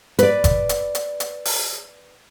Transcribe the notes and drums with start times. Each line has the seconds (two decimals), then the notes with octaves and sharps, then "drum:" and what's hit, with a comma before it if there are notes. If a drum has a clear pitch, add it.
0.19 B4 D5, drum: hi-hat
0.44 drum: kick F#1, hi-hat
0.69 drum: hi-hat
0.95 drum: hi-hat
1.20 drum: hi-hat
1.45 drum: open hi-hat